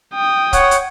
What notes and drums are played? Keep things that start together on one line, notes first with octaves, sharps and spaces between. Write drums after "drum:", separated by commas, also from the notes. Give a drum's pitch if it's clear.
G5 D#6
C#5 F#5, drum: kick, hi-hat
drum: hi-hat